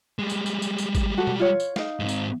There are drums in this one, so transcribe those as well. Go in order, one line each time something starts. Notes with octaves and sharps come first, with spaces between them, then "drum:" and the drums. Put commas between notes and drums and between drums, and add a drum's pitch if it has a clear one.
G3 G#3
drum: tambourine
drum: tambourine
drum: tambourine
drum: tambourine
drum: kick G#1, tambourine
F#4 A4
drum: tom B2
F4 C#5
drum: tambourine
D#4 F5, drum: snare
G#2 C4
drum: tambourine